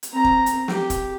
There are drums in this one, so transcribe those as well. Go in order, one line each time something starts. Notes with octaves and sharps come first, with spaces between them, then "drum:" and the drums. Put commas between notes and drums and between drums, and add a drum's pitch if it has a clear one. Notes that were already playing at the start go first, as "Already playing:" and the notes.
drum: hi-hat
C4 A#5
drum: kick
drum: hi-hat
G4, drum: snare
drum: kick, hi-hat